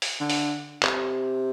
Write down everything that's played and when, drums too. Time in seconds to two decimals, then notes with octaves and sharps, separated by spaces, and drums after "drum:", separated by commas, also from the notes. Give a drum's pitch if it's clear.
0.02 drum: open hi-hat
0.20 D3
0.30 drum: open hi-hat
0.83 C3, drum: clap